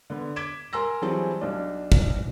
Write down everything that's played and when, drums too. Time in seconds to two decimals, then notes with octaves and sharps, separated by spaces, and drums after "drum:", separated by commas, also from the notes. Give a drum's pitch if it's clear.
0.10 D3 B3
0.36 D6 G#6 B6 D7 E7
0.73 A#4 G#5 C6 E6 A#6
1.02 E3 F#3 G3 C4 G#4 A5
1.41 B1 D4
1.92 drum: kick G#1